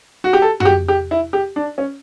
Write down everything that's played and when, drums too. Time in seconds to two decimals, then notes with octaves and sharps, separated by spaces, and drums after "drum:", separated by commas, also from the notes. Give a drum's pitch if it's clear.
0.24 F#4
0.33 G4
0.42 A4
0.60 F#4, drum: tom
0.65 G4
0.88 G4
1.11 E4
1.33 G4
1.56 D4
1.78 C#4